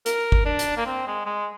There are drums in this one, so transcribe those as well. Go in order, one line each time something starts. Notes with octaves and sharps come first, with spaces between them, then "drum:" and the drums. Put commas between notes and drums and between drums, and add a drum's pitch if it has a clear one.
A#4, drum: hi-hat
drum: kick
D4
drum: hi-hat
A#3
C4
G#3
G#3